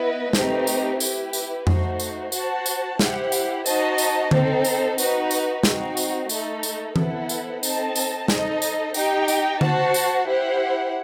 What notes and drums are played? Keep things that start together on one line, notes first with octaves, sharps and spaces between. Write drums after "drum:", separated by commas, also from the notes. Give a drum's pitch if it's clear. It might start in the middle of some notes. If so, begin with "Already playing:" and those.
Already playing: B3 E4 B4 D#5
A3 C4 D#4 G4 B4, drum: snare
drum: tambourine
E4 G4 B4, drum: tambourine
drum: tambourine
A3 D#4 F#4 C5, drum: tom F2
drum: tambourine
F#4 C5 F#5 A5, drum: tambourine
drum: tambourine
E4 G4 C5 F#5, drum: snare
drum: tambourine
D#4 F#4 C5 D#5 A5, drum: tambourine
drum: tambourine
C4 D#4 A4 C5, drum: tom D3
drum: tambourine
D#4 F#4 B4, drum: tambourine
drum: tambourine
C4 D#4 F#4, drum: snare
drum: tambourine
A3 D#4 A4, drum: tambourine
drum: tambourine
B3 E4 A4 C5 F#5, drum: tom E3
drum: tambourine
C4 D#4 A4 D#5 A5, drum: tambourine
drum: tambourine
D#4 A4 C5 D#5, drum: snare
drum: tambourine
D#4 G4 D#5 G5, drum: tambourine
drum: tambourine
F#4 C5 F#5 A5, drum: tom D3
drum: tambourine
E4 G4 C5 F#5